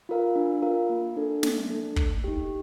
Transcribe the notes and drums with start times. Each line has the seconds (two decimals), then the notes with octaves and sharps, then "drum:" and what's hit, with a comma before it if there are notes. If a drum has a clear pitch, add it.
0.09 F4 A#4 F5
0.36 D4
0.62 F4 A#4 F5
0.90 A#3
1.16 D4 A4
1.43 A#3, drum: snare
1.70 D4 A4
1.96 A3, drum: kick
2.24 D#4 G4